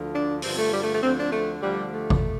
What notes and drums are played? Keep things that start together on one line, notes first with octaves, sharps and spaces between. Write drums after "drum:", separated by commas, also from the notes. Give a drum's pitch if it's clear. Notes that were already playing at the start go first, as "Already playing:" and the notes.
Already playing: D2 D3 F3
D4
G2 D3 F3 C4, drum: open hi-hat
A3
G3
A3
A3
D2 D3 F3 C4
D4
A3
D2 D3 F3 G3
A3
drum: kick